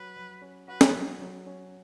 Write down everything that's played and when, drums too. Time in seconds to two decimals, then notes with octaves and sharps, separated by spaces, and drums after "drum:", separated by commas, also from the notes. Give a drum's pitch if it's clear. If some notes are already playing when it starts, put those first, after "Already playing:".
Already playing: F#3 F#4 B4
0.17 F#3
0.41 C#4
0.68 F#4 B4
0.81 drum: snare
0.93 F#3
1.20 F#3
1.46 C#4